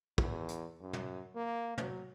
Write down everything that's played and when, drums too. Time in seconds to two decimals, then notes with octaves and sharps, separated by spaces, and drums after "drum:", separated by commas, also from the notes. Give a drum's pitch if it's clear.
0.18 E2, drum: kick
0.48 drum: hi-hat
0.81 F#2
0.93 drum: tom
1.36 A#3
1.78 F#3, drum: tom